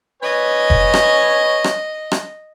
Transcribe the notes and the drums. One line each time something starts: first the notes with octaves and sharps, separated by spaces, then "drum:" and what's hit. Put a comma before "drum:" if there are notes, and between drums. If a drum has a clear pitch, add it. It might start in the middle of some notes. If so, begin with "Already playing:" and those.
B4 C#5 D#5 G#5
drum: kick F1
drum: rim click
drum: rim click
drum: rim click